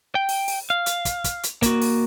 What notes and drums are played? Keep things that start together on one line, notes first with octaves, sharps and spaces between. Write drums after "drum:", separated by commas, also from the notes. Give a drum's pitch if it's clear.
G5
drum: open hi-hat
drum: open hi-hat
F5
drum: hi-hat
drum: kick, hi-hat
drum: kick, hi-hat
drum: hi-hat
A#3 F#4, drum: kick, hi-hat
drum: open hi-hat